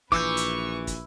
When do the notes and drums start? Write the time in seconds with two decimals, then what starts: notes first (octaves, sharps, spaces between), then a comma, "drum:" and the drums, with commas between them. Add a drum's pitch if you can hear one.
0.12 A#1 E3 B4 C#6 D6 E6 G6, drum: kick
0.37 drum: hi-hat
0.87 drum: kick, hi-hat